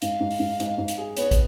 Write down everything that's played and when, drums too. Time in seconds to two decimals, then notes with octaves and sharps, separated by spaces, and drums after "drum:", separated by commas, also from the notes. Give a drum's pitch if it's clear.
0.02 G#2 F5, drum: hi-hat
0.20 G#2
0.31 drum: open hi-hat
0.40 G#2
0.60 G#2, drum: hi-hat
0.78 G#2
0.88 drum: hi-hat
0.98 G#4
1.17 B3 C#5, drum: hi-hat
1.31 drum: kick, hi-hat